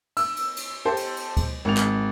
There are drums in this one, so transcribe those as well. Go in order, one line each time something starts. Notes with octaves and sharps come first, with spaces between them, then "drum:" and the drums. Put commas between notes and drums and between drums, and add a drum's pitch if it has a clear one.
E6, drum: cymbal
drum: cymbal
drum: cymbal
G4 A4 C5
drum: cymbal
drum: cymbal
drum: kick D2, cymbal
G#1 F7
drum: clap